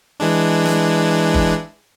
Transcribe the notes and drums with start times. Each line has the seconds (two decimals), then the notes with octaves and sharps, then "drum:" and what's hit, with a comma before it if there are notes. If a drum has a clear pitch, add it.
0.20 E3 G#3 D4
0.66 drum: snare
1.34 drum: kick F#1